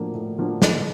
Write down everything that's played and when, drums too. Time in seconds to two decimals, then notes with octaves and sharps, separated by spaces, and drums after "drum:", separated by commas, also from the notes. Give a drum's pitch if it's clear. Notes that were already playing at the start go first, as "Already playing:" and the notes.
Already playing: A2 F3 A#3 D4 F#4
0.14 A2
0.38 F3 A#3 D4 F#4
0.62 D3, drum: snare